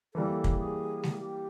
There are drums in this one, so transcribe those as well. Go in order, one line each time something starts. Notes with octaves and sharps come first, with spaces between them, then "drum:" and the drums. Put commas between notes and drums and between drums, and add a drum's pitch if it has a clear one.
E3 G3 A#3 A4
drum: kick
G#4
G4, drum: snare G#3
G#4
G4